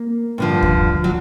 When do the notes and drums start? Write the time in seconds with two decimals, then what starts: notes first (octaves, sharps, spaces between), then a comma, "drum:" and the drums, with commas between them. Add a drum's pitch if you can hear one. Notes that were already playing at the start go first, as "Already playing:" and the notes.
Already playing: A#3
0.38 G2 D3 F3
0.62 drum: kick D2
1.04 F#3